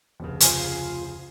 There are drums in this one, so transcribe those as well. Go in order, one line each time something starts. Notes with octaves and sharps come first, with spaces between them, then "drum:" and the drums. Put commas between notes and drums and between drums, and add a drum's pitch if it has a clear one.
F1 D2 C#3
F4 G#4 C5, drum: hi-hat